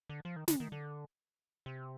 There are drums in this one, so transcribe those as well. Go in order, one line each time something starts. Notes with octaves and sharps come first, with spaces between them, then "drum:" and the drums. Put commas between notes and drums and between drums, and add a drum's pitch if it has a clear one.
D3
F3
D#3
D3, drum: snare
D#3
D3
C3